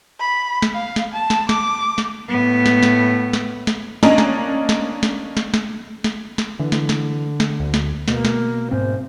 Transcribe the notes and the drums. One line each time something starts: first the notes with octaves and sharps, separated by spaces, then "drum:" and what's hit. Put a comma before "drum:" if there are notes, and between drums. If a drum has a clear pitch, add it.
B5
drum: snare
F5
drum: snare
A5
drum: snare
D6, drum: snare
drum: snare
A2 B3
drum: snare
drum: snare
drum: snare
drum: snare
A#3 C#4 D4 D#5 A#5, drum: snare
drum: snare
drum: snare
drum: snare
drum: snare
drum: snare
drum: snare
drum: snare
D3 E3
drum: snare
drum: snare
drum: snare
D2
drum: snare
B2 A#3, drum: snare
drum: snare
G#2 C4 C5